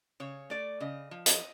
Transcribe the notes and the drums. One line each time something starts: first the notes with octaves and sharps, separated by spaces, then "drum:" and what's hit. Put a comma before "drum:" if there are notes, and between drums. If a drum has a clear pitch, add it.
C#3 C#5
A3 D5
C#3 D#5
F3
D#5, drum: hi-hat